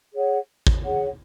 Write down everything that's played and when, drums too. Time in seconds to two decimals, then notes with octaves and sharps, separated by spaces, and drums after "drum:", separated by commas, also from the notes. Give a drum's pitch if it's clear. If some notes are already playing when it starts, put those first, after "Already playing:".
0.14 G#4 C#5 F#5
0.67 drum: kick
0.84 G#4 C#5 F#5